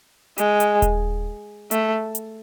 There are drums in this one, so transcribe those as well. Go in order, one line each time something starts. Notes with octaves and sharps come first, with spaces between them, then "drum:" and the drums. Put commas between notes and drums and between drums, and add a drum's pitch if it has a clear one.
G#3, drum: hi-hat
drum: hi-hat
drum: kick D#1, hi-hat
A3, drum: hi-hat
drum: hi-hat